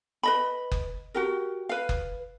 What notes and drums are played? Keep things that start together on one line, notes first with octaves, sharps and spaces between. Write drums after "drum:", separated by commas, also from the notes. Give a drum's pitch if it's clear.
B4 D#5 B5
drum: kick F#1
F#4 G4 A#4
B4 F5
drum: kick F#1